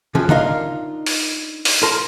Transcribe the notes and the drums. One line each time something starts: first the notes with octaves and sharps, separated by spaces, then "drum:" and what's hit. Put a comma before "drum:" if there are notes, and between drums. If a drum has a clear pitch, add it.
C3 F3 C#4 F#4 G#4
D4 D#4 F4 A#4 D#5 F5, drum: tom
drum: open hi-hat
drum: open hi-hat
A#4 A5 A#5 C6